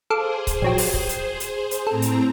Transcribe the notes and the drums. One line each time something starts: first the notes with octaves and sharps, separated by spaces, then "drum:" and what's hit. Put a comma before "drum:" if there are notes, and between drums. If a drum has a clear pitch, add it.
G#4 A4 C5 F5 D6
drum: kick C#1, hi-hat
A#1 F#3 G4
drum: open hi-hat
drum: kick C#1
drum: hi-hat
drum: hi-hat
drum: hi-hat
A2 C4 A4 A#5
drum: hi-hat